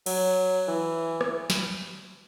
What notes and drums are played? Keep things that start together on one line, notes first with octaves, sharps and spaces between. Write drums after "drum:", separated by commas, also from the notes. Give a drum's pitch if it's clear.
F#3, drum: cymbal
E3
drum: rim click
drum: snare